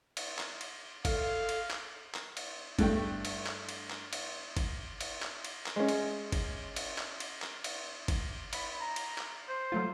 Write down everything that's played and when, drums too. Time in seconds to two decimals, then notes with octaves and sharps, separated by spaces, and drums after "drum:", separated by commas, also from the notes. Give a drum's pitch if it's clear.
0.17 drum: cymbal
0.39 drum: clap
0.61 drum: cymbal
1.05 A4 F5, drum: kick, cymbal
1.49 drum: cymbal
1.71 drum: clap
2.15 drum: clap
2.37 drum: cymbal
2.79 G2 A3 G5, drum: kick, cymbal
3.25 drum: cymbal
3.47 drum: clap
3.69 drum: cymbal
3.91 drum: clap
4.13 drum: cymbal
4.57 drum: kick, cymbal
5.01 drum: cymbal
5.22 drum: clap
5.44 drum: cymbal
5.66 drum: clap
5.76 G#3 C#4
5.88 drum: cymbal
6.32 drum: kick, cymbal
6.76 drum: cymbal
6.98 drum: clap
7.20 drum: cymbal
7.42 drum: clap
7.64 drum: cymbal
8.08 drum: kick, cymbal
8.53 B5, drum: cymbal
8.80 A#5
8.96 drum: cymbal
9.18 drum: clap
9.49 C5
9.72 F#3 A3 F4